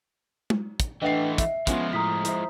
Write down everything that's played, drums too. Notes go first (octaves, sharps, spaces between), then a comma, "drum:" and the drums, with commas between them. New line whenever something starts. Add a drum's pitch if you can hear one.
drum: tom G#3
drum: kick, hi-hat
E3 A3 D4 B4 D#5 F#5 G5 C7
E5, drum: kick, hi-hat
F3 G#3 B3 C#4 F4, drum: kick, hi-hat
A2 A#5 D#6 B6
E4 C5 E5, drum: hi-hat